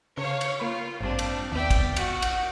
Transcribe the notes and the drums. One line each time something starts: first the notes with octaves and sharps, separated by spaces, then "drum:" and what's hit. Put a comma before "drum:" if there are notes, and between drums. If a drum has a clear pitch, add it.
C#3 C#5 F5
drum: cymbal
A#3 F4 B5
A1 G2 C4 D4
drum: cymbal
D#2 B3 D5 E5 G5
drum: kick, cymbal
F#4, drum: cymbal
drum: cymbal